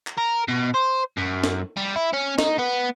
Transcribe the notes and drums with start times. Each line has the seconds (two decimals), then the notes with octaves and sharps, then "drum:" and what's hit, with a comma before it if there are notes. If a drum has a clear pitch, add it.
0.07 drum: clap
0.18 A#4
0.48 B2
0.74 C5
1.17 F#2
1.44 drum: snare
1.77 G3
1.96 E4
2.13 C#4
2.39 D#4, drum: snare
2.59 B3